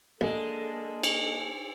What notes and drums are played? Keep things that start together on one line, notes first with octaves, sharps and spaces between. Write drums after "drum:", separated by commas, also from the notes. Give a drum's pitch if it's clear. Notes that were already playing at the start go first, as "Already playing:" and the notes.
A1 G#3 A#3 D4 A4
drum: cymbal